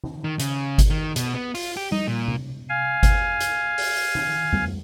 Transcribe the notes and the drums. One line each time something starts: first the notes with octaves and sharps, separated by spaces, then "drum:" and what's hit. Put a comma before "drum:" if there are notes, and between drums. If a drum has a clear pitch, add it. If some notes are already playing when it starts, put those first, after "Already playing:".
drum: tom D#3
D#3
C#3, drum: hi-hat
drum: kick G1, hi-hat
D#3
B2, drum: hi-hat
B3
F4, drum: open hi-hat
G4
D#4, drum: tom G3
A#2
drum: tom C3
F5 G#5
drum: kick G1, hi-hat
drum: hi-hat
drum: open hi-hat
drum: tom D#3
drum: tom F2